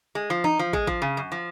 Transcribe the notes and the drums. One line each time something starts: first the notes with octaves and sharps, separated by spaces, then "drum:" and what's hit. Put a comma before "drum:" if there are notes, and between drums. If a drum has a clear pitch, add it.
G#3
F3
D#4, drum: tom E3
F3
G#3, drum: kick
F3, drum: kick
C#3
F#2
F3